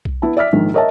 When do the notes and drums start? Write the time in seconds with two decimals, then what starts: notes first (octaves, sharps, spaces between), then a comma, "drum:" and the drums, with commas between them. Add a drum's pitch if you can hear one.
0.05 drum: kick B1
0.22 B3 E4 A5
0.37 D5 E5 F6 B6
0.53 A#1 G#2 D#3
0.74 A#4 C#5 D#5 E5 A5